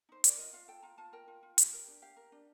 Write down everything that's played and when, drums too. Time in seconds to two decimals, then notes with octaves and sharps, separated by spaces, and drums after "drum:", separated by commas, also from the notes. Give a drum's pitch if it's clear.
0.09 D#4 C5
0.24 A#4 D5, drum: hi-hat
0.38 F4 D#5
0.53 F4 F5
0.68 A4 G5
0.82 F4 A#5
0.98 F4 A5
1.13 A#4 G5
1.28 F4
1.43 F4
1.58 G4, drum: hi-hat
1.73 A#4
1.88 D4
2.02 G4 F5
2.17 A#4
2.32 D4